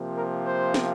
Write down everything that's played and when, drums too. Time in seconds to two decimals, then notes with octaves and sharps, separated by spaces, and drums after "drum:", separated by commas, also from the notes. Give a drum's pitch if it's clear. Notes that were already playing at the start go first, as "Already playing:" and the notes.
Already playing: C3 F3 A#3
0.17 A#4
0.46 C5
0.74 drum: snare